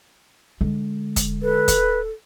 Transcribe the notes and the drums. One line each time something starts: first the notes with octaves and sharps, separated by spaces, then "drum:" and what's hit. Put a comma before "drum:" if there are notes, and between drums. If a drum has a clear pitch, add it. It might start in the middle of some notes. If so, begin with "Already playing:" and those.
D3 G#3
drum: kick, hi-hat
A4 B4
drum: kick, hi-hat